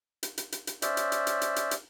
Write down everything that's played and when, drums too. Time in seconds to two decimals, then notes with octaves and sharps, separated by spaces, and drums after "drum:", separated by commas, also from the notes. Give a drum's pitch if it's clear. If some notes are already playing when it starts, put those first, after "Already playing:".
0.23 drum: hi-hat
0.38 drum: hi-hat
0.52 drum: hi-hat
0.67 drum: hi-hat
0.82 C#4 C5 D5 E5, drum: hi-hat
0.97 drum: hi-hat
1.12 drum: hi-hat
1.27 drum: hi-hat
1.42 drum: hi-hat
1.56 drum: hi-hat
1.71 drum: hi-hat